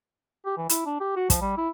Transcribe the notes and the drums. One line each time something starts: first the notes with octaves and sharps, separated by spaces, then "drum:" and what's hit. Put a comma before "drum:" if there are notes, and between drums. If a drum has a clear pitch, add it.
G4
E3
E4, drum: hi-hat
D4
G4
F#4
F3, drum: kick, hi-hat
G3
E4